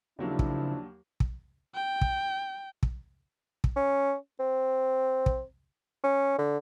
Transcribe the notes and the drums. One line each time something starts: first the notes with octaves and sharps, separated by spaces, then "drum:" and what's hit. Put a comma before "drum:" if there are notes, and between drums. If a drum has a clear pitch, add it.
G#1 D#2 C#3 F3 F#3 A#3 D4 E4
drum: kick
drum: kick
G5
drum: kick
drum: kick
drum: kick
C#4
C4
drum: kick
C#4
D3